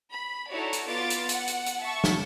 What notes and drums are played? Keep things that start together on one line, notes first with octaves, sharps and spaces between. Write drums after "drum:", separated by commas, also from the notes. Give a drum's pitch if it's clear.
B5
D#4 E4 F#4 A4 C#5 D5
drum: hi-hat
B3 F4 D6 A6
drum: hi-hat
F#5, drum: hi-hat
drum: hi-hat
drum: hi-hat
E5 A5 C#6
drum: snare